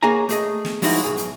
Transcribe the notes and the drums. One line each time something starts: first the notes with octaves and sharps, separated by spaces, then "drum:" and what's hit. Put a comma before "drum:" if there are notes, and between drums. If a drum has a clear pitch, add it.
A#3 F#4 G#4 C#5 G#5 A#5
A3 G#4 D#5, drum: hi-hat
drum: snare
F3 F#3 G#3 D#4 E4 F#4, drum: open hi-hat
B1 F#2 G#4
drum: hi-hat